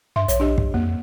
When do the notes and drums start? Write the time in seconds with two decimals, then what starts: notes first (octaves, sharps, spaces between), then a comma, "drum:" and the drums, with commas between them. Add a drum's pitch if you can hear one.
0.16 G2 E5 C6
0.28 A#1 C#5, drum: hi-hat
0.40 D4 G4 D#5
0.58 B1, drum: kick
0.74 F2 A#3